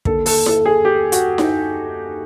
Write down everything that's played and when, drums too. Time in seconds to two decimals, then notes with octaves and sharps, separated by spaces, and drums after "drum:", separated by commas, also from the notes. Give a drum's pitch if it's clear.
0.05 D#2 D3 A4, drum: kick
0.26 A4, drum: open hi-hat
0.46 A4, drum: snare E4
0.66 G#4
0.85 G4
1.12 F#4, drum: hi-hat
1.38 D#4, drum: snare E4